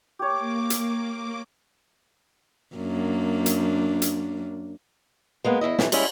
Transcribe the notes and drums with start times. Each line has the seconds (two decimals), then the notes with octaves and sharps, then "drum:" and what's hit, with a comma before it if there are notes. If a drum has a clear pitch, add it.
0.19 A#3 G4 C#5 D6
0.70 drum: hi-hat
2.76 F#2 A#3 D4
3.46 drum: hi-hat
4.02 drum: hi-hat
5.45 G#3 A#3 B3
5.61 E2 C3 E4 D#5
5.79 F2 C3 E3 C#4, drum: snare
5.92 G3 G#3 C#4 E4, drum: cymbal